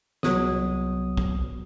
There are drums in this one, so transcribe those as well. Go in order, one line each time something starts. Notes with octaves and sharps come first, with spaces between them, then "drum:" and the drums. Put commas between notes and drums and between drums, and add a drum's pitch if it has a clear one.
C2 F#3 B3 D#6, drum: snare
drum: kick A#1